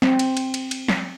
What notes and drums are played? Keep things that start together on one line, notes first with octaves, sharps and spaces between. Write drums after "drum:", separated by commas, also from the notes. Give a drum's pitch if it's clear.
C4, drum: snare
drum: cymbal
drum: cymbal
drum: cymbal
drum: cymbal
drum: snare